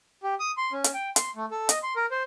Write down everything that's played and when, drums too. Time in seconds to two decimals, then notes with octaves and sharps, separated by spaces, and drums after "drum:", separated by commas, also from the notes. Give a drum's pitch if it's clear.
0.23 G4
0.40 D#6
0.57 C6
0.73 C#4
0.84 drum: hi-hat
0.94 G5
1.16 C6, drum: hi-hat
1.36 A3
1.51 A4
1.69 D#5, drum: hi-hat
1.83 C6
1.96 A#4
2.11 C5